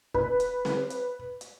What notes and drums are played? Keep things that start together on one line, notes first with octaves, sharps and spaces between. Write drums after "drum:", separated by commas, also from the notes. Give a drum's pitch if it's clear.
B4, drum: kick
drum: hi-hat
drum: snare C4
drum: hi-hat
drum: hi-hat